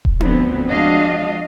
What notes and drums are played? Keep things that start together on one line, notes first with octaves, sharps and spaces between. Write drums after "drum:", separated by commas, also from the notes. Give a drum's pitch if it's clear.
drum: kick D#1
D2 F3 B3 C4, drum: tom D4
F3 G#3 D4 F#4 D#5 F5